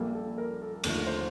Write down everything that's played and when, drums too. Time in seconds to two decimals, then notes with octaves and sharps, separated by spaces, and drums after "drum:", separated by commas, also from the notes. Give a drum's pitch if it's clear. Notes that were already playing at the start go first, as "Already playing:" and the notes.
Already playing: A#1 A#2 G3 A#3 A4
0.15 A4
0.38 A#4
0.62 A4
0.84 F1 D#2 D3 F3 A3 A4, drum: cymbal
1.07 C5